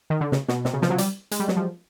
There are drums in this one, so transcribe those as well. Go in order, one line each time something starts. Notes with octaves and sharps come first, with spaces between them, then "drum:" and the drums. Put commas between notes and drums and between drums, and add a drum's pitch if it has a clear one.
D#3
D3
C#3, drum: snare
B2, drum: snare
C3, drum: snare
C#3
F3, drum: snare
F#3
G3, drum: hi-hat
G#3, drum: hi-hat
G3
F#3, drum: snare
F3